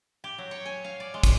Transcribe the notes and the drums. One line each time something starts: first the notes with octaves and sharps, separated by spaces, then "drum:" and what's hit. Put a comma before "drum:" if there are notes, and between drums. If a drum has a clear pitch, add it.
G4
F#3
C#5
G#5
F5
D5
G#3
drum: kick, hi-hat